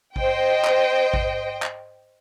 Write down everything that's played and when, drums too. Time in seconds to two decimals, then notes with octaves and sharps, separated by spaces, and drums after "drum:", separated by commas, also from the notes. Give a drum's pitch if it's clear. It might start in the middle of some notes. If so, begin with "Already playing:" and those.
0.16 C5 D#5 G5, drum: kick A1
0.65 drum: clap
1.14 drum: kick A1
1.62 drum: clap